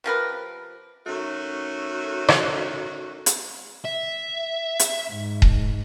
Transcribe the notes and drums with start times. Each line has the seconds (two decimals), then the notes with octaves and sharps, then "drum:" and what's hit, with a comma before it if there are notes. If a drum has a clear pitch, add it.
0.04 C3 F3 A#4 B4
1.06 D#3 A3 C#4 F#4
2.28 drum: rim click
3.26 drum: hi-hat
3.85 E5
4.79 drum: hi-hat
5.10 G#2
5.42 drum: kick D#1